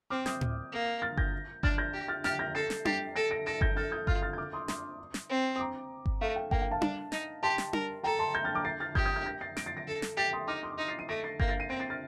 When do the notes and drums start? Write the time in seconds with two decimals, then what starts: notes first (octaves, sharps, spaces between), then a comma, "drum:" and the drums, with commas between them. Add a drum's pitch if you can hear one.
0.10 C4 D6 F6
0.26 D#6 G6, drum: snare
0.41 drum: tom A2
0.72 A#3
1.02 F6 A6
1.17 G6 A#6, drum: kick G1
1.63 D4 F6 A6, drum: kick G1
1.78 G6 A#6
1.94 G4
2.08 F6 A6
2.24 G4 F6 A6, drum: snare
2.39 G6 A#6
2.55 A4 A6 C7
2.70 drum: snare
2.85 G4 A6 C7, drum: tom D4
3.16 A4 A#6 D7
3.31 A#6 D7
3.46 A4 A#6 D7
3.61 G6 A#6, drum: kick G1
3.77 A4 F6 A6
3.91 D#6 G6
4.07 F4 F6 A6, drum: kick G1
4.22 F6 A6
4.33 G6
4.38 D6 F6
4.53 C6 D#6
4.68 C6 D#6, drum: snare
5.14 drum: snare
5.30 C4
5.56 D#6
5.60 A#5 D6
6.06 drum: kick G1
6.21 A3 F5
6.36 G5
6.51 A#3 G5, drum: kick G1
6.61 G5
6.71 F5 A5
6.82 D4, drum: tom D4
7.12 D#4, drum: snare
7.43 G4 A5 C6
7.58 drum: snare
7.73 A#4, drum: tom D4
8.04 A4 G5 A#5
8.19 A5 C6
8.34 G6 A#6
8.44 F6 A6
8.55 D6 F6
8.65 A6 C7
8.80 F6 A6
8.95 G4 D#6 G6, drum: kick G1
9.05 D#6 G6
9.16 D#6 G6
9.26 G6 A#6
9.41 A6 C7
9.57 A#6 D7, drum: snare
9.66 A6 C7
9.77 A#6 D7
9.88 A4
10.02 drum: snare
10.17 G4 A6 C7
10.33 C6 D#6
10.48 D#4 D6 F6
10.63 C6 D#6
10.72 D6
10.78 D#4 C6 D#6
10.88 A6 C7
10.99 C7 D#7
11.08 A3 A#6 D7
11.24 A6 C7
11.40 A#3 G6 A#6, drum: kick G1
11.49 A6 C7
11.60 C7 D#7
11.69 C4 A#6 D7
11.80 A6 C7
11.90 F6 A6